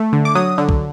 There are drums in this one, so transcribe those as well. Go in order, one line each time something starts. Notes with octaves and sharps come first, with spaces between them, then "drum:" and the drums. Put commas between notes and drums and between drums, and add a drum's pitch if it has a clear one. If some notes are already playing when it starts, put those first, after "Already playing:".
Already playing: A3
D3
D6
F#3 D#6
D3
drum: kick